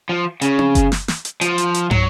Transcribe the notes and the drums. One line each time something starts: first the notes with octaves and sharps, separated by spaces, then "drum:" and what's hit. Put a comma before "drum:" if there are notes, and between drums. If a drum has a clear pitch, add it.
F3
C#3, drum: hi-hat
drum: tom C4
drum: kick F#1, hi-hat
drum: snare
drum: snare
drum: hi-hat
F3, drum: hi-hat
drum: hi-hat
drum: hi-hat
F#3, drum: tom